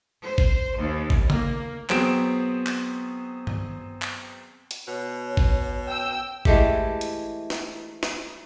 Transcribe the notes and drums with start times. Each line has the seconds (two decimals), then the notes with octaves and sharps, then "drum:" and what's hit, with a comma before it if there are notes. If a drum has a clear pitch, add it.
0.24 C5
0.38 drum: kick
0.77 D#2
1.10 drum: kick
1.30 A#3, drum: tom C#3
1.90 F#3 B3 C4 G#4 D7 E7, drum: clap
2.67 drum: clap
3.47 drum: tom G2
4.02 drum: clap
4.71 drum: hi-hat
4.87 B2 C#5
5.37 drum: kick
5.87 G5 E6
6.45 E3 G#3 A3 G4, drum: kick
7.01 drum: hi-hat
7.50 drum: snare
8.03 drum: snare